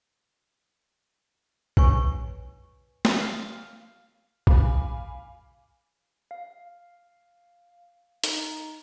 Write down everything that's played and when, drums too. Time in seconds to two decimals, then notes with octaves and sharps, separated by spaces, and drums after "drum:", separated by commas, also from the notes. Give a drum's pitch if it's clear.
1.77 B4 C#5 G#5 C#6, drum: kick A#1
3.05 drum: snare
3.20 F5
4.47 F5 G#5 B5 D6, drum: kick A#1
6.31 F5
8.24 D#4, drum: hi-hat